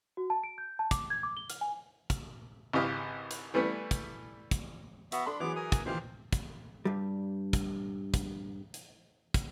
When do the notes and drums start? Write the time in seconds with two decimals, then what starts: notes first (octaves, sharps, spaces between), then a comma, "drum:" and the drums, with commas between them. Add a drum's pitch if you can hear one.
0.17 F#4
0.30 A5
0.44 D7
0.58 G6
0.79 A5
0.91 D6, drum: kick, hi-hat
1.10 G#6
1.23 D6
1.37 G7
1.50 F6, drum: hi-hat
1.61 G#5
2.10 drum: kick, hi-hat
2.73 G#1 C#3 E3 G4 D#5 F6
3.31 drum: hi-hat
3.54 E3 G3 A3 B3
3.91 drum: kick, hi-hat
4.51 drum: kick, hi-hat
5.12 B3 F#4 E5, drum: hi-hat
5.26 D4 A4 B5 C6
5.40 E3 F#3 B3 G#4 D6
5.56 A#4 G#5 D#6
5.72 drum: kick, hi-hat
5.86 A#2 D#3 E3 G4 C5 F5
6.33 drum: kick, hi-hat
6.85 G2 G3
7.53 drum: kick, hi-hat
8.14 drum: kick, hi-hat
8.74 drum: hi-hat
9.34 drum: kick, hi-hat